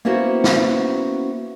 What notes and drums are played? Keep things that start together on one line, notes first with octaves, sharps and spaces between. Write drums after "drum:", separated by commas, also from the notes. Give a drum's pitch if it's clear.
A#3 B3 C#4 E4 F#4 C5
drum: snare